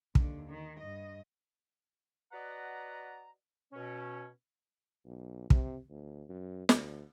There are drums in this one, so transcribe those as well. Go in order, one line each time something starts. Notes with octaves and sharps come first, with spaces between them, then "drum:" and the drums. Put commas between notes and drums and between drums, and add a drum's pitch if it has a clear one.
D#2 D3, drum: kick
D#3
G2 D#5
F#4 B4 D5 D#5 F#5 A#5
B2 C#4
B1
C3, drum: kick
D2
F#2
D2, drum: snare